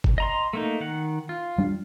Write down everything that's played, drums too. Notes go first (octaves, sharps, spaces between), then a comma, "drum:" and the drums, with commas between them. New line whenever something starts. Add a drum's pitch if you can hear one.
drum: kick G1
D#5 A#5 C6
A3 A#3 D#4
D#3 F#5
F4
G3 D4